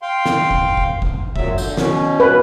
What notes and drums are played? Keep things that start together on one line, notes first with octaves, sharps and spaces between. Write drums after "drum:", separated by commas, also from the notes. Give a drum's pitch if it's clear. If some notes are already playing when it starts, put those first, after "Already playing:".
F5 G5 C6
drum: snare
drum: kick F#1
drum: kick F#1
drum: kick F#1
A#2 F#3 E5, drum: kick F#1
D3 G6, drum: tambourine
B2 C#4, drum: snare
B4